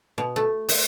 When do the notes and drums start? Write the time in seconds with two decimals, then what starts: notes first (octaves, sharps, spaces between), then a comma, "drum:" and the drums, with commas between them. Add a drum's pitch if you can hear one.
0.18 B2
0.36 A3
0.69 E5, drum: open hi-hat